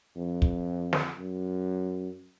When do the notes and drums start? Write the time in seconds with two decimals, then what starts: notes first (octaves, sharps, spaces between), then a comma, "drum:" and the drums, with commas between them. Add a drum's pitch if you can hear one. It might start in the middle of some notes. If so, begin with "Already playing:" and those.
0.16 F2
0.42 drum: kick
0.93 drum: snare
1.18 F#2